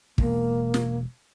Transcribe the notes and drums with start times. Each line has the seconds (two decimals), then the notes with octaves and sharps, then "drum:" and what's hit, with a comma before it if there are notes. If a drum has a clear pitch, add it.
0.18 E1 B2 G#3 A#3, drum: kick
0.74 drum: snare